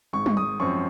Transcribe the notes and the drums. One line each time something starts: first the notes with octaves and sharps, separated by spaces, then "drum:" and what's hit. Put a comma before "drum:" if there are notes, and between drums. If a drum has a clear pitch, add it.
G#1 C#6
drum: tom
D#6
F#2 F3 C4 C#6